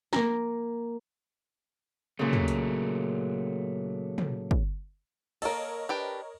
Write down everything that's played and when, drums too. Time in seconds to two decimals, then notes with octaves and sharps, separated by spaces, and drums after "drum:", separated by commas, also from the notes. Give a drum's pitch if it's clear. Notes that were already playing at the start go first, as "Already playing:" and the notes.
0.13 A#3 A#5, drum: snare
2.19 A#2 C#3 F#3 A3
2.33 drum: tom
2.48 drum: hi-hat
4.18 drum: tom
4.51 drum: kick
5.42 A#3 A4 A#4 C#5 D#5, drum: cymbal
5.89 D4 G4 B4